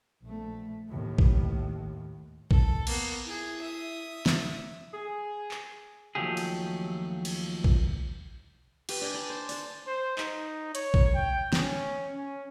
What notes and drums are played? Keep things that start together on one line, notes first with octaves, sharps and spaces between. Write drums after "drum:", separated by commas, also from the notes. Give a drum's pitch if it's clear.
A#1 A3
D#2 A2
drum: kick
A4, drum: kick
A#3 B3, drum: cymbal
E4 G#4
E5 D#6
drum: snare
G#4
drum: clap
D#2 F3 F#3 A3 G4 G#4
drum: cymbal
drum: cymbal
drum: kick
G4 B4, drum: cymbal
D4 D#5 G5 G#5
D5
C5
D4 A5, drum: open hi-hat
C5
D#4, drum: clap
C#5, drum: hi-hat
drum: kick
G5
C#4, drum: snare
C#4